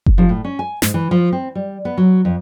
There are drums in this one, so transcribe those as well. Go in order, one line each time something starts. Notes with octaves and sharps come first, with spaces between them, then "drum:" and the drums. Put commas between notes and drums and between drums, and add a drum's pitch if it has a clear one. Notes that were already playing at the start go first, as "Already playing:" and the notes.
drum: kick F#1
F3
A2
C#4
G#5
G#2, drum: snare
E3
F3
C4
G3
B3
F#3
F2